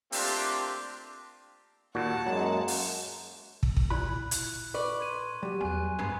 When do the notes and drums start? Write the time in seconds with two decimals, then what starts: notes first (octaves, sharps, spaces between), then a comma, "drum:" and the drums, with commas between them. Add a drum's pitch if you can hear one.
0.12 A3 A#3 C4 D4 F4 G4, drum: open hi-hat
1.95 D#2 A#2 F#4 F#5 A5
2.26 F#2 F#3 G#3 A#3
2.68 drum: open hi-hat
3.63 drum: kick
3.77 drum: kick
3.90 A#2 E4 B5 F#6
4.31 drum: hi-hat
4.74 B4 D5 C#6
4.99 C6 G#6 D#7
5.43 F#3 G3
5.61 E2 G#5 F#6
5.99 G2 G#3 B3